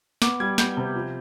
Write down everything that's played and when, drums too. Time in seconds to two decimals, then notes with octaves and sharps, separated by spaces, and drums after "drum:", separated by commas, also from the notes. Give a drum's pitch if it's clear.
0.22 B3 D6, drum: snare
0.40 G3 G#6
0.58 B3 G6, drum: snare
0.77 C3
0.95 F3